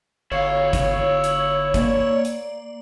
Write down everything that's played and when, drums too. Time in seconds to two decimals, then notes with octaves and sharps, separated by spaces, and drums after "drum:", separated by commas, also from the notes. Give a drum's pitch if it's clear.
0.32 G1 E4 C#5 F5
0.73 drum: kick, hi-hat
1.24 drum: hi-hat
1.74 A#3 D5, drum: kick, hi-hat
2.25 drum: hi-hat